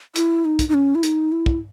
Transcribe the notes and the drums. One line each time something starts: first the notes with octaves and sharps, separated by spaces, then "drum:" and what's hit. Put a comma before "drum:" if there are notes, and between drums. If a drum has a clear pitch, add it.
E4, drum: hi-hat
D#4
drum: kick, hi-hat
D#4
C#4
E4
D#4, drum: hi-hat
E4
drum: kick